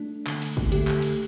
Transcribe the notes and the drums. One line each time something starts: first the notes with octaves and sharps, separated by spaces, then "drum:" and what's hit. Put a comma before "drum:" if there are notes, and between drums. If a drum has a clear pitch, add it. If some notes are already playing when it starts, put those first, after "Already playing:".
Already playing: A3 D4
D3 A3, drum: clap
drum: cymbal
drum: kick
D3 A3 G4, drum: cymbal
drum: clap
drum: cymbal